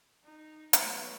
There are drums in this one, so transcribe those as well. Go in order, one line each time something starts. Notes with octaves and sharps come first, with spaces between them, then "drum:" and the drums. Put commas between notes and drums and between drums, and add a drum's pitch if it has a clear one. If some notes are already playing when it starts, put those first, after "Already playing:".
D#4
F#3 G#3 A3 B3, drum: hi-hat